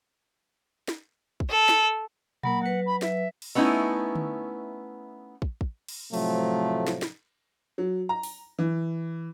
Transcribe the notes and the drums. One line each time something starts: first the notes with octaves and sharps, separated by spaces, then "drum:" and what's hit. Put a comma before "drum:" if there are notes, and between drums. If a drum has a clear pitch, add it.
drum: snare
drum: kick
A4
drum: snare
F#3 A#3 A#4 B5, drum: tom A#2
F#3 B4 F#5
B5
E5, drum: snare
drum: cymbal
A3 B3 C#4 D#4 E4
drum: tom D3
drum: kick
drum: kick
drum: cymbal
A2 C3 F3 F#3 A3, drum: cymbal
drum: snare
drum: snare
F#3
A#5
drum: open hi-hat
E3